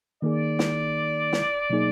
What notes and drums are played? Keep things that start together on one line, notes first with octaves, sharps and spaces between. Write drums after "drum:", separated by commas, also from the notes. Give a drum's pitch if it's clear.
D#3 A#3 D#4 G#4 D5
drum: snare
drum: snare
B2 F#3 A#3 D#4 G#4